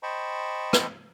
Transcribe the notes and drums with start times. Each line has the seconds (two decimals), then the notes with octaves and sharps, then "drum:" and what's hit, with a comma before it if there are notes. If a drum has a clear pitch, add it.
0.03 C5 D#5 G5 A5 B5 C#6
0.73 drum: rim click